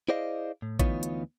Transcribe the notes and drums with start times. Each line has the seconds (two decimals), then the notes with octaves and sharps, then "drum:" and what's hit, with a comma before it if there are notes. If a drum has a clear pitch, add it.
0.09 E4 G#4 C5 D5 D#5 F5
0.62 A2
0.79 D2 E3 B3 D#4 F4 C#5, drum: kick A1, hi-hat
1.03 drum: hi-hat